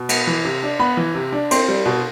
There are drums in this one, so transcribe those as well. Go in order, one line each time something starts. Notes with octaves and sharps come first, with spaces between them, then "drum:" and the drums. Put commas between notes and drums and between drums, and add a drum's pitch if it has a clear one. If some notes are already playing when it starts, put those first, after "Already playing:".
Already playing: B2
B3, drum: cymbal
E3
C3
D4
B3 B5
E3
C3
D4
C4 C6, drum: cymbal
G3
B2